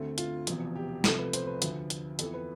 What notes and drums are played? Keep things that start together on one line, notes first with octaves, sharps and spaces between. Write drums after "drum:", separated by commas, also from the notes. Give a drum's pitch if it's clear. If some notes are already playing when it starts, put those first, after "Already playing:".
Already playing: D2 D3 A3 C4
F4, drum: hi-hat
E1 E2 C3 F3, drum: hi-hat
G4
C2 C3 F3 A3 A4, drum: snare
B4
C5, drum: hi-hat
B4
D2 D3 F3, drum: hi-hat
drum: hi-hat
F2 E3 B3 A4, drum: hi-hat
B4